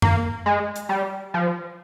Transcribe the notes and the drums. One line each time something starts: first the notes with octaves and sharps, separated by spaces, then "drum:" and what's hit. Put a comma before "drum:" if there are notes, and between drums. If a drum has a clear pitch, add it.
A#3, drum: tom F#2
G#3
drum: hi-hat
G3
F3